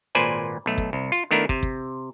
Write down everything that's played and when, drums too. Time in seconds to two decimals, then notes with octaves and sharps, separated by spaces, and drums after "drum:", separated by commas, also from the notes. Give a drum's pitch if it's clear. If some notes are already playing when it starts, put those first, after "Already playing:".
0.15 G#1 A#2 B4 C5 D5 G#5
0.66 B1 A3
0.78 drum: kick
0.93 C2
1.12 F4
1.31 D#3 A3 B3 D4 E4 A#4
1.49 C3, drum: kick
1.63 drum: kick